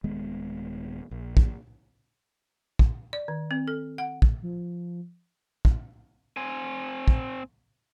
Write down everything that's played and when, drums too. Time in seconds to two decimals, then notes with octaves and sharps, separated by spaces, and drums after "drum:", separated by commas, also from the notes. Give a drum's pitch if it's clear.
0.04 D#1 D#3 G#3 B3
1.11 A#1
1.37 drum: kick
2.79 drum: kick
3.13 D5
3.28 D#3
3.51 C4
3.68 A4
3.98 F#5
4.22 drum: kick
4.42 F3
5.65 drum: kick
6.37 C4 G#5
7.08 drum: kick